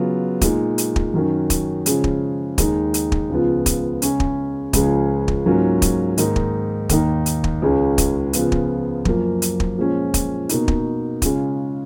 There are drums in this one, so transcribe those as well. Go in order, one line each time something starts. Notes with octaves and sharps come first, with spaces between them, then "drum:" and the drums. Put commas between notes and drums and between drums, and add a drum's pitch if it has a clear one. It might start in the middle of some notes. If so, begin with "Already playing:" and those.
Already playing: C#3 F#3 B3 F4
A#2 G#3 D#4, drum: kick, hi-hat
drum: hi-hat
drum: kick
F#2 D#3 F#3 C#4
drum: kick, hi-hat
C#3 F3 G#3 C#4, drum: hi-hat
drum: kick
D#2 D#3 G#3 D#4, drum: kick, hi-hat
drum: hi-hat
drum: kick
C#2 C#3 F3 B3 F4
drum: kick, hi-hat
C#3 G#3 C#4, drum: hi-hat
drum: kick
C#2 C#3 F3 G#3 C#4, drum: kick, hi-hat
drum: kick
G#2 F#3 A#3 C#4 F4
drum: kick, hi-hat
G#2 D#3 A#3 D#4, drum: hi-hat
drum: kick
D#2 D#3 A#3 D#4, drum: kick, hi-hat
drum: hi-hat
drum: kick
C#2 C#3 G#3 C#4
drum: kick, hi-hat
C#3 F3 B3 F4, drum: hi-hat
drum: kick
F#2 F3 A#3, drum: kick
drum: hi-hat
drum: kick
A#2 F3 G#3 C#4
drum: kick, hi-hat
B2 A#3 D#4, drum: hi-hat
drum: kick
C#3 G#3 C#4 F4, drum: kick, hi-hat